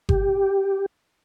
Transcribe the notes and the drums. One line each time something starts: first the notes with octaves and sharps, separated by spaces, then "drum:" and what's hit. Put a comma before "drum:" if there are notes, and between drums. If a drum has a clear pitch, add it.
G4, drum: kick G1